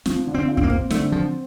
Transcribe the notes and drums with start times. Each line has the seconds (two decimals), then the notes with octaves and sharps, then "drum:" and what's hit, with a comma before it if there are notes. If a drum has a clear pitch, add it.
0.06 F3 C4, drum: snare
0.27 D3
0.34 C4
0.48 F4
0.57 C4, drum: kick
0.63 A#3
0.70 C4, drum: kick
0.90 D3 A3, drum: snare
1.12 F3 C4